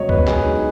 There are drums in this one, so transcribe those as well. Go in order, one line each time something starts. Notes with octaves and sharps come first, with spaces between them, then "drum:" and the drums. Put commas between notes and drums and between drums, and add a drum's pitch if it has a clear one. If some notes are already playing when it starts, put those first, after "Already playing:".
Already playing: C#2 B2 F#3 C#5 D#5
B4, drum: kick C2
G#4, drum: clap
D#4